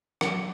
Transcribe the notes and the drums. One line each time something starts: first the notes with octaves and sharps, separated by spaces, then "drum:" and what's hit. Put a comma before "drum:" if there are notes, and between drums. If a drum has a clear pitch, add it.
F#3, drum: rim click